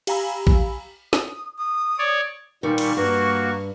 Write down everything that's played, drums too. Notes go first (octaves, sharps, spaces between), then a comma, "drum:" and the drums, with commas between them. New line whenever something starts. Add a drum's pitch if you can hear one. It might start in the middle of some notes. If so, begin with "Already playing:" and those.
G4 F5 G#5 A#5 B5 E6, drum: cymbal
drum: kick A#1
D#6, drum: snare
D#6
C#5 D5
A#2 D#3 G3 C#6
drum: cymbal
G2 A#3 F#4 C#6